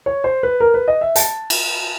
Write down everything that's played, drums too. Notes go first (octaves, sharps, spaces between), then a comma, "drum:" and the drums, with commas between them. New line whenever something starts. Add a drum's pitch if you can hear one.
C#5
C5
B4
A#4
B4
D#5
E5
A5, drum: hi-hat
drum: cymbal